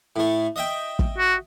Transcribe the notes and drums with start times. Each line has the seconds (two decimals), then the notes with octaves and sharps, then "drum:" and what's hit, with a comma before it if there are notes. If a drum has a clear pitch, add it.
0.16 A2 A3
0.56 D#5 E5 G5
0.99 drum: kick
1.18 F#4